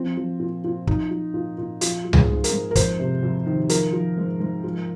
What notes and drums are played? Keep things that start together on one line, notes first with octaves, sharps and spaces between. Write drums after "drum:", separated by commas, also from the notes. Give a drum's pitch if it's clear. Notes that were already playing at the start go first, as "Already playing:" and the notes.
Already playing: F3 C4
F3
A#2
A#2
F3 D#4, drum: kick
F3
A#2
A#2
F3 F4, drum: hi-hat
F3
G#4, drum: tom C#2
G#2
A#4, drum: hi-hat
G#2
A#4
F2 C5, drum: kick, hi-hat
C3
F2
D#3
F3 A#4, drum: hi-hat
F3
G#2
G#2
F3